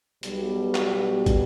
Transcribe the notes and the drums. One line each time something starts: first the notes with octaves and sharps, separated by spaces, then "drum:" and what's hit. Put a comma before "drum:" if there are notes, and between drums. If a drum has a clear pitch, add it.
B1 B2 G3, drum: hi-hat
drum: clap
drum: kick, hi-hat